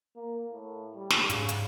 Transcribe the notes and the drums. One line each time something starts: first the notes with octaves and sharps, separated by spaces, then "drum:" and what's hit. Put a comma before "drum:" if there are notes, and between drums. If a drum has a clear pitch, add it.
A#3
A2
G3
drum: snare
G#2 C#3, drum: hi-hat
drum: hi-hat